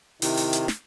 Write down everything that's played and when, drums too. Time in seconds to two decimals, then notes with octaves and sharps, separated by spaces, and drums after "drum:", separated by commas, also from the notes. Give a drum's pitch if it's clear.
0.22 C3 D#3 E4, drum: open hi-hat
0.37 drum: open hi-hat
0.53 drum: hi-hat
0.68 drum: snare